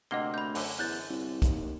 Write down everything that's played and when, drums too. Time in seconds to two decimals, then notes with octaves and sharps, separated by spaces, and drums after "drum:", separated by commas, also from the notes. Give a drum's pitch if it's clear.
0.11 D2 C3 A#3 D#5 F#5 G7
0.34 B5 G6
0.55 F#2 D3, drum: open hi-hat
0.79 E2 F#6 G6 A6
1.10 C2
1.42 D#2, drum: kick B1, hi-hat